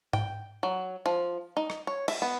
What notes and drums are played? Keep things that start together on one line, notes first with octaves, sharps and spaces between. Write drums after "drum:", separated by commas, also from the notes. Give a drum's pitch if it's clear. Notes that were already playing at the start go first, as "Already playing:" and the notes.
G5, drum: tom G#2
F#3
F3
D#4
drum: rim click
C#5
E5, drum: cymbal
B3